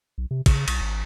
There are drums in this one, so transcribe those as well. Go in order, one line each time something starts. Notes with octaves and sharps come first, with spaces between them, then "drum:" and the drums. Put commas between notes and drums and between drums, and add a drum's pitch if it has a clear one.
B1
C3
C#3, drum: kick, cymbal
B1, drum: cymbal
G#1